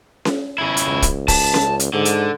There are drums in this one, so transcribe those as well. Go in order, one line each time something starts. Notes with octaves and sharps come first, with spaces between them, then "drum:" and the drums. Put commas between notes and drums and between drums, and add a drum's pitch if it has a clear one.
drum: snare C#4
C#3 E4
drum: hi-hat
C#2
drum: kick, hi-hat
A5, drum: kick, open hi-hat
drum: snare C#4
drum: hi-hat
G#2 D3
drum: hi-hat